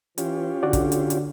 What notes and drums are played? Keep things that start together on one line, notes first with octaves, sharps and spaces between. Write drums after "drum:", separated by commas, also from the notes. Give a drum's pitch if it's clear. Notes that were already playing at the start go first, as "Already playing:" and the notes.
E3 C#4 F4 G4, drum: hi-hat
D3 F#4 D5
drum: kick, hi-hat
drum: hi-hat
drum: hi-hat